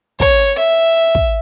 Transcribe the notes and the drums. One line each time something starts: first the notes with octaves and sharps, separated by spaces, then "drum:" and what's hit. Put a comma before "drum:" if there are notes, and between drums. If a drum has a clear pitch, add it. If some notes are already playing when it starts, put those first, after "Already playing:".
C#5, drum: kick
E5
drum: kick